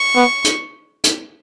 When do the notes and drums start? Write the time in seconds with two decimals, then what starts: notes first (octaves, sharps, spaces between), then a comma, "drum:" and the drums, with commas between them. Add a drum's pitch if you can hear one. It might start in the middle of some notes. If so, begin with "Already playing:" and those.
Already playing: C#6
0.15 B3
0.44 drum: hi-hat
1.04 drum: hi-hat